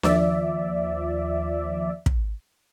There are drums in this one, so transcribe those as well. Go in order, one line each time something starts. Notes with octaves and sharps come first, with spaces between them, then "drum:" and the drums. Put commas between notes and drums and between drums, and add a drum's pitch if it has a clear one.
D#2 F3 D5 E5, drum: snare D4
drum: kick